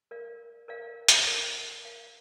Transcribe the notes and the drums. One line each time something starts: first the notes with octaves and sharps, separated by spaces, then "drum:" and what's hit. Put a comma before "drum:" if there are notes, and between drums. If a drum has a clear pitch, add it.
A#4 D5 F5
A#4 D5 F5
drum: hi-hat
A#4 D5 F5
A#4 D5 F5